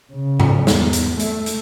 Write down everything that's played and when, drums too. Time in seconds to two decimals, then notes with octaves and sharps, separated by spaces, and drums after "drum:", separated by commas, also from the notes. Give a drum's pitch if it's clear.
0.13 C#3
0.40 drum: tom G#2
0.67 E2, drum: snare
0.93 drum: hi-hat
1.19 A3, drum: hi-hat
1.46 drum: hi-hat